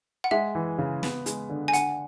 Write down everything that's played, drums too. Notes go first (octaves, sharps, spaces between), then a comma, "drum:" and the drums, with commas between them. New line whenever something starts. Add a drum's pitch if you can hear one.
F#5
G#3 E5
E3
C#3
B3, drum: snare
G#3, drum: hi-hat
D3
G#5
D4 F#5, drum: hi-hat